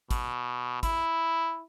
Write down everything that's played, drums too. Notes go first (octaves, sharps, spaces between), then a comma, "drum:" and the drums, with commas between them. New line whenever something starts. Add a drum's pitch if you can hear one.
B2, drum: kick, hi-hat
E4, drum: kick, hi-hat